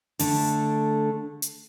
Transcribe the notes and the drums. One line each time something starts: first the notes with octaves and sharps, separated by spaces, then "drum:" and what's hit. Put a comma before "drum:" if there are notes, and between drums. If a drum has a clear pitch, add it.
D3 A3, drum: open hi-hat
drum: hi-hat